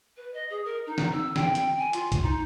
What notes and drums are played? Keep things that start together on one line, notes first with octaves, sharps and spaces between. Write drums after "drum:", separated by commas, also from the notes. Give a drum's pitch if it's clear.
B4
D#5
G#4
A#4
D#4
drum: snare
E6
G5, drum: snare
G5, drum: hi-hat
G#5
F4, drum: hi-hat
drum: kick B1, hi-hat
D#4